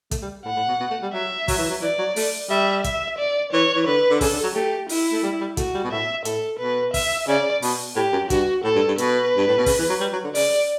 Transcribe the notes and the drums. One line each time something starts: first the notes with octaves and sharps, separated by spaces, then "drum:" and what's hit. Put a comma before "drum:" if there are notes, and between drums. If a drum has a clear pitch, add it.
A3, drum: kick, hi-hat
G3
A2 F#5
A2
B2
B2
A3
G3
F#3 E5
F#3, drum: kick, open hi-hat
E3
F#3
E3 D5
F#3
A3, drum: open hi-hat
G3 E5
E5, drum: kick, hi-hat
D5
E3 C#5
E3
D3 B4
D3
C#3 A4, drum: kick, open hi-hat
D3
F#3
A3 G4
E4, drum: open hi-hat
A3
G3
G3
A3 F#4, drum: kick, hi-hat
G3
B2
A2 E5
A2 A4, drum: hi-hat
B2 B4
E5, drum: kick, open hi-hat
C#3 D5
B2, drum: open hi-hat
A2 G4
F#2
G2 F#4, drum: kick, hi-hat
A2 A4
G2
G2
B2 B4, drum: hi-hat
G2
A2
B2
C#3, drum: kick, open hi-hat
E3
F#3
G3
F#3
D3
C#3 D5, drum: open hi-hat